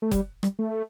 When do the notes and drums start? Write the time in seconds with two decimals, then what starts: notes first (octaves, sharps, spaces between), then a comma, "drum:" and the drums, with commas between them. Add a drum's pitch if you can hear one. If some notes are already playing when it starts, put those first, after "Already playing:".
0.02 A3
0.11 G3, drum: kick F#1, hi-hat
0.43 G3, drum: rim click
0.59 A3